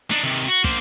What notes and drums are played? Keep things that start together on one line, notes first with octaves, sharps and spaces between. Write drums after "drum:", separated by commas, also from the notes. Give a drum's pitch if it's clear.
D4 D#4, drum: snare
C3 D#3
F#4
A#3 C5, drum: kick, hi-hat